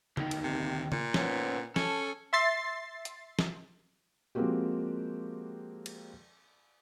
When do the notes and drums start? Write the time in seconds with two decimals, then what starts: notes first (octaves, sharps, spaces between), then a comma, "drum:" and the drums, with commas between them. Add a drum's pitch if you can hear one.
0.17 D2 D#3, drum: tom C#3
0.31 drum: cymbal
0.44 C3
0.92 A#2, drum: tom C#3
1.14 B3 C#4, drum: snare
1.76 C#4 A4, drum: snare
2.33 E5 C6 A6 C7
3.05 drum: hi-hat
3.39 drum: snare
4.35 F3 G#3 A#3 C4 F#4 G4
5.86 drum: cymbal